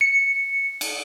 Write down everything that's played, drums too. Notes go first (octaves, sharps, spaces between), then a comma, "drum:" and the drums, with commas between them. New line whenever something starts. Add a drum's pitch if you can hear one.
C#7
drum: cymbal